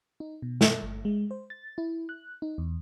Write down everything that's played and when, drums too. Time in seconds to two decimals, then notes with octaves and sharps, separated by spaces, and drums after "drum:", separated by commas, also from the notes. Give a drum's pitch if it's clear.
0.20 D#4
0.42 B2
0.61 drum: snare
0.83 G1
1.05 G#3
1.31 C5
1.50 A6
1.78 E4
2.09 F#6
2.42 D#4
2.58 E2